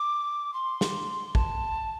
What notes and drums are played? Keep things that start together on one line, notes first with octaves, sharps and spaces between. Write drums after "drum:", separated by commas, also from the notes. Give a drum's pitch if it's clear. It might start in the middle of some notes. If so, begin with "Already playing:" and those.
Already playing: D6
C6
drum: snare
A5, drum: kick